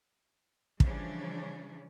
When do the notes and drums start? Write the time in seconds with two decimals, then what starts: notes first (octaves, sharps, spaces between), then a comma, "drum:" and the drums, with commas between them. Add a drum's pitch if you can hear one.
0.80 C#3 E3 F3 G3 C#4 D4, drum: kick